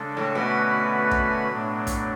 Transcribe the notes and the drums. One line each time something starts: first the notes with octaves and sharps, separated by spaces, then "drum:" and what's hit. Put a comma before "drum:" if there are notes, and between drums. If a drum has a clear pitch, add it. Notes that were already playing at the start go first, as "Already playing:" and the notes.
Already playing: C#3 G#3 D4 A4
A2
B2 D3 A3 C#4 F#4 B4
drum: kick
A2 F#3 A3 D4
drum: kick, hi-hat